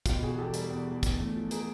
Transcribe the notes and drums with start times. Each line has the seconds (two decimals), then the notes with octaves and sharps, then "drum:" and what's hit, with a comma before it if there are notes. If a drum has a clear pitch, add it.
0.06 B2 F4 G4, drum: kick, hi-hat
0.22 E2 F#4 G#4
0.38 E2 G4 A4
0.54 G3 G#4 A#4, drum: hi-hat
0.70 E2
0.87 E2
1.03 E2, drum: kick, hi-hat
1.19 A3
1.35 F3
1.51 G#4 A#4, drum: hi-hat